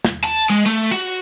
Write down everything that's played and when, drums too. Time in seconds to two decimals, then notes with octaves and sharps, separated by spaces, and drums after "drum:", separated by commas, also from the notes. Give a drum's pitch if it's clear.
0.05 drum: snare
0.24 A5, drum: cymbal
0.50 G#3, drum: cymbal
0.66 A3
0.91 F#4, drum: cymbal